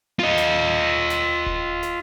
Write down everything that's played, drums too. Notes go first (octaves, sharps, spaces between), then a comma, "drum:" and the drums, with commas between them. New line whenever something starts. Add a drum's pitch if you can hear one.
F4 D#5
drum: snare
drum: snare
drum: kick D#1
drum: snare